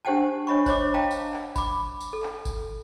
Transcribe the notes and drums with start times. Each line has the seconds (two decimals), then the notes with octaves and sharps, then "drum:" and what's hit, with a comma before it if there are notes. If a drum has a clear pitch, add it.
0.05 D4 G4 C5 F#5 G5 A5
0.47 D4 C#5 D#5 B5 C#6
0.66 C5 C#5 D#5 D6, drum: kick G1, tambourine
0.94 D#5 F5 G5 A5 A#5
1.11 drum: tambourine
1.33 drum: clap
1.56 B5 D6, drum: kick G1, tambourine
2.00 drum: tambourine
2.13 A4
2.23 drum: clap
2.45 drum: kick G1, tambourine